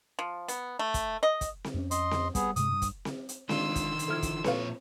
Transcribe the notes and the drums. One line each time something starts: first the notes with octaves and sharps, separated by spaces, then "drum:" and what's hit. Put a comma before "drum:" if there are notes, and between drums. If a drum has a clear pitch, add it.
F3
B3, drum: hi-hat
A3
drum: kick, hi-hat
D#5
drum: kick, hi-hat
drum: snare C4
F2 C4 C#4
D#5 C6, drum: hi-hat
drum: snare C4
G3 B3 G#4, drum: kick, hi-hat
G2 C3 G#3 D#6, drum: hi-hat
G2
drum: kick, hi-hat
drum: snare C4
drum: hi-hat
D3 D#3 G#3 D4 F4 C6 E6, drum: snare C4
drum: kick, hi-hat
drum: hi-hat
F3 E4 A4 F6 G#6
drum: kick, hi-hat
A#2 A4 B4 C#5 F5, drum: snare C4